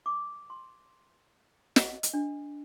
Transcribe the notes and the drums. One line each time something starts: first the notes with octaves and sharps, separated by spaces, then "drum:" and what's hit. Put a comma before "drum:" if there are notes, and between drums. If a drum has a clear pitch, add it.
D6
C6
D#5, drum: snare
drum: hi-hat
D4